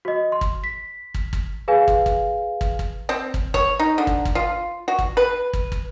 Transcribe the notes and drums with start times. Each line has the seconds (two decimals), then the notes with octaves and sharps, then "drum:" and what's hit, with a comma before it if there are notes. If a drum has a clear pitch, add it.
0.05 F#4 D#5
0.32 C6
0.41 drum: kick
0.64 B6
1.14 drum: kick
1.33 drum: kick
1.68 G#4 B4 F5 G#5
1.88 drum: kick
2.06 drum: kick
2.61 drum: kick
2.79 drum: kick
3.09 C4
3.34 drum: kick
3.54 C#5, drum: kick
3.79 D#4
3.98 D3
4.07 drum: kick
4.25 drum: kick
4.35 F4
4.88 F#4
4.99 drum: kick
5.17 B4
5.53 drum: kick
5.72 drum: kick